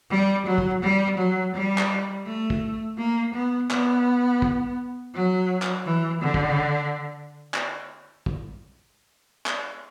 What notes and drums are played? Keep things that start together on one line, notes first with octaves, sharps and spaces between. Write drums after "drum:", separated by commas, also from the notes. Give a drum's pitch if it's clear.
G3
F#3
drum: kick
G3
F#3
G3
drum: clap
A3
drum: kick
A#3
B3
B3, drum: clap
drum: kick
F#3
drum: clap
E3
D3
drum: kick
drum: clap
drum: kick
drum: clap